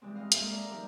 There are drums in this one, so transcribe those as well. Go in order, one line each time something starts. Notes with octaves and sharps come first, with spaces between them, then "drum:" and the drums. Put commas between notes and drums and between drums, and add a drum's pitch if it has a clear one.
E3 G3 G#3 C4
F4 D#5 F5
G#3 A#3 A4 A#4 E5 F5, drum: hi-hat
A#4 D5 E5 F5 A#5
D#3 F3 G3